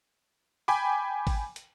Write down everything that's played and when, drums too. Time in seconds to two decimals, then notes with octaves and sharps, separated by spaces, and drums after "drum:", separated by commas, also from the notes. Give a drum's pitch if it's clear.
0.68 G5 G#5 B5 D6
1.27 drum: kick G#1, open hi-hat
1.56 drum: hi-hat